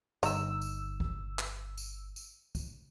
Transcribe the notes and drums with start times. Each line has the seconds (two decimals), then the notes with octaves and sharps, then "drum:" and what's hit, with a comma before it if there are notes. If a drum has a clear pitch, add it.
0.23 G1 D#3 A#5 E6, drum: tambourine
0.62 drum: tambourine
1.00 drum: kick
1.39 drum: clap
1.78 drum: tambourine
2.16 drum: tambourine
2.55 drum: kick, tambourine